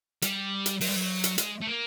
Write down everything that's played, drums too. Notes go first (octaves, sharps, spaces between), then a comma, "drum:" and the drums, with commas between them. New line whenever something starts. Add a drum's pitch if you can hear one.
G3, drum: hi-hat
drum: hi-hat
F#3, drum: open hi-hat
G3
F#3
drum: hi-hat
G#3, drum: hi-hat
A3
A#3